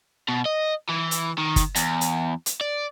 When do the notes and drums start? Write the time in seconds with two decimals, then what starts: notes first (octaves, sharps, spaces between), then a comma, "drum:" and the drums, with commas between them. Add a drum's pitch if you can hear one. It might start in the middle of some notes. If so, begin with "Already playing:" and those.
0.28 B2
0.45 D#5
0.89 E3
1.11 drum: hi-hat
1.38 D#3
1.56 drum: kick, hi-hat
1.76 E2, drum: hi-hat
2.01 drum: hi-hat
2.46 drum: hi-hat
2.61 D5